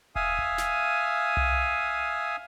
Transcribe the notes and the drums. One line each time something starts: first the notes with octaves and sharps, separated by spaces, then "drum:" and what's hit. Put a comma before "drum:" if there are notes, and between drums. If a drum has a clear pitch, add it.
E5 F5 G#5 D#6, drum: kick
drum: kick
drum: snare
drum: tom C2